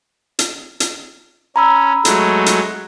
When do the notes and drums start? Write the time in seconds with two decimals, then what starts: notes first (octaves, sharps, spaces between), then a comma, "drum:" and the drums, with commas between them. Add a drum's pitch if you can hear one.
0.39 drum: hi-hat
0.80 drum: hi-hat
1.56 C#4 A#5 B5 E6
2.05 F#3 G#3 A3, drum: hi-hat
2.46 drum: hi-hat